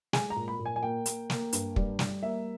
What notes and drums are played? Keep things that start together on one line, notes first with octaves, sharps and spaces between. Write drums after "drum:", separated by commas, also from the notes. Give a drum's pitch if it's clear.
G#3 G#5, drum: snare
A#5
A#2
B5
A#2
G#5
G#5
A#3 G5
A#3, drum: hi-hat
A#3, drum: snare
G2, drum: hi-hat
G3, drum: kick
G3, drum: snare
A#3 E5